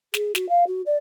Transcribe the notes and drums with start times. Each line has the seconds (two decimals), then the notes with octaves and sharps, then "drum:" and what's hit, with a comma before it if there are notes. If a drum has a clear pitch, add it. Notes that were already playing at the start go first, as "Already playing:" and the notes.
0.14 G#4, drum: snare
0.35 F#4, drum: snare
0.49 F5
0.67 F#4
0.86 D5